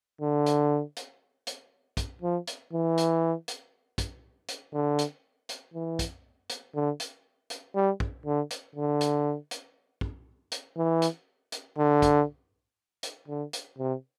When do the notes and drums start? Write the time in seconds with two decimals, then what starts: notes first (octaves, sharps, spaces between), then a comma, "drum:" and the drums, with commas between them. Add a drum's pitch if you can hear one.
0.21 D3
0.46 drum: hi-hat
0.96 drum: hi-hat
1.47 drum: hi-hat
1.97 drum: kick, hi-hat
2.22 F3
2.47 drum: hi-hat
2.73 E3
2.97 drum: hi-hat
3.48 drum: hi-hat
3.98 drum: kick, hi-hat
4.48 drum: hi-hat
4.73 D3
4.99 drum: hi-hat
5.49 drum: hi-hat
5.74 E3
5.99 drum: kick, hi-hat
6.49 drum: hi-hat
6.75 D3
7.00 drum: hi-hat
7.50 drum: hi-hat
7.75 G3
8.00 drum: kick
8.25 D3
8.50 drum: hi-hat
8.75 D3
9.01 drum: hi-hat
9.51 drum: hi-hat
10.01 drum: kick
10.51 drum: hi-hat
10.77 E3
11.02 drum: hi-hat
11.52 drum: hi-hat
11.78 D3
12.02 drum: kick, hi-hat
13.03 drum: hi-hat
13.28 D3
13.53 drum: hi-hat
13.78 C3